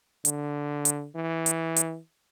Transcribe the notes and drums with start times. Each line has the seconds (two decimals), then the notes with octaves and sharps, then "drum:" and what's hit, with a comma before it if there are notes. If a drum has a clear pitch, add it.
0.25 D3, drum: hi-hat
0.85 drum: hi-hat
1.15 E3
1.46 drum: hi-hat
1.76 drum: hi-hat